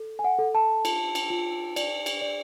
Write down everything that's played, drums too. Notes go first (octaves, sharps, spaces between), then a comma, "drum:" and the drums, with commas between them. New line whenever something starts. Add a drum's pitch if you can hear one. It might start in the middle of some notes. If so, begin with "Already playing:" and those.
Already playing: A4
G#5
F#5
A4
A5
F4, drum: cymbal
drum: cymbal
F4
D5, drum: cymbal
drum: cymbal
D5